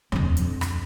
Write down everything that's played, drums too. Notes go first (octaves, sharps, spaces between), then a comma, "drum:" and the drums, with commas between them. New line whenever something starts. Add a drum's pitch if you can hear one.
F2 D4, drum: tom D#2
drum: hi-hat
drum: rim click